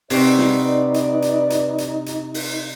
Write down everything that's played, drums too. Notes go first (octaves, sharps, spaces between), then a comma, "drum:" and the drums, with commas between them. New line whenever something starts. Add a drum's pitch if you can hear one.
C3 C4 D#4 F#4 B4 D5, drum: open hi-hat
drum: snare
drum: hi-hat
drum: hi-hat
drum: hi-hat
drum: hi-hat
drum: hi-hat
drum: open hi-hat